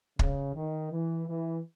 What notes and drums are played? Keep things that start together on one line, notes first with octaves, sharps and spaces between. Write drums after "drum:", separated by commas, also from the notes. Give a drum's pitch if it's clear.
C#3, drum: kick
D#3
E3
E3